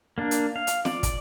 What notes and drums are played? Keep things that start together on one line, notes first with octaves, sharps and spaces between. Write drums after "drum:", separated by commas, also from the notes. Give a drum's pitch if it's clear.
A#3 D4
drum: hi-hat
F5
drum: hi-hat
D5, drum: snare
drum: kick, hi-hat